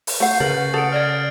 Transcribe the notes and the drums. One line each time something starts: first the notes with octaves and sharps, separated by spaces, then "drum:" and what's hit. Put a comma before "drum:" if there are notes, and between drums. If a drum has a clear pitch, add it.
drum: open hi-hat
A3 F#5 G6 C7
C#3 A#4 B4 A6 F#7
A4 F#5 D#6 D7
D5 F6 G#6